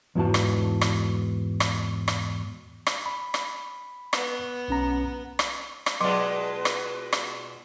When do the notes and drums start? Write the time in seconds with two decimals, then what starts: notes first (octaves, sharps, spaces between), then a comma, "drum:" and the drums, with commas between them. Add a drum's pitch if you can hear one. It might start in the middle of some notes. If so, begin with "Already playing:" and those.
0.15 E2 G#2 E3 E4 F#4 A5
0.34 drum: rim click
0.81 drum: rim click
1.60 drum: rim click
2.08 drum: rim click
2.87 drum: rim click
3.06 B5
3.34 drum: rim click
4.13 B3, drum: rim click
4.68 B1 C#4 A#5
5.39 drum: rim click
5.86 drum: rim click
6.01 B2 F#3 G#3 F4 B4 D5 C6
6.65 drum: rim click
7.13 drum: rim click